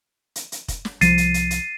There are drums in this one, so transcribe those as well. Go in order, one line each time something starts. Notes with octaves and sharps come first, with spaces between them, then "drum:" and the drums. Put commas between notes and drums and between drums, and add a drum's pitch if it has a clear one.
drum: hi-hat
drum: hi-hat
drum: kick, hi-hat
drum: snare
C2 F3 A6 C7 D#7, drum: hi-hat
drum: hi-hat
drum: hi-hat
drum: hi-hat